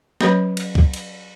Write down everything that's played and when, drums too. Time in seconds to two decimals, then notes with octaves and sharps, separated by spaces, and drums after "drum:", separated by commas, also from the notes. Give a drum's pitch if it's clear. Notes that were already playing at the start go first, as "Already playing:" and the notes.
0.21 F#3 C#4 B4 C#5 B5, drum: snare
0.57 drum: cymbal
0.75 drum: kick
0.94 drum: cymbal